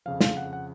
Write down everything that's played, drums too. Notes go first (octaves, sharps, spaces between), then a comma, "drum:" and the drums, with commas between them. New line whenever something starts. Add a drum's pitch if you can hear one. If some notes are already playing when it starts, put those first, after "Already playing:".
F2 C#3 F3 F5
F5, drum: snare
F#5
F#5